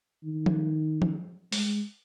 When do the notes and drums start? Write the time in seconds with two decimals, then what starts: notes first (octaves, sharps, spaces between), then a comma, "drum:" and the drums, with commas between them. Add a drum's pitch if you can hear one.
0.24 D#3
0.46 drum: tom F3
1.02 drum: tom F3
1.52 G#3, drum: open hi-hat